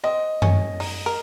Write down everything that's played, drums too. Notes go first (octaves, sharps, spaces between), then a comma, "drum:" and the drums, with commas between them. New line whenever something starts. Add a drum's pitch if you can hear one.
C4 D#5
C#4, drum: tom F#2
D#4, drum: open hi-hat
A#4